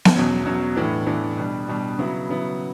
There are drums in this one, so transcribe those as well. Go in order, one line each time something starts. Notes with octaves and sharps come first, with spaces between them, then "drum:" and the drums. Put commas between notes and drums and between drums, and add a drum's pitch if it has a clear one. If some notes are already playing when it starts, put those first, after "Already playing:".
drum: snare B3
E2 B2 F#3 C#4
E2 B2 F#3 C#4
A2 E3 B3 D4
A2 E3 B3 D4
B2 G3 D4
B2 G3 D4
C#3 F#3 B3 E4
C#3 F#3 B3 E4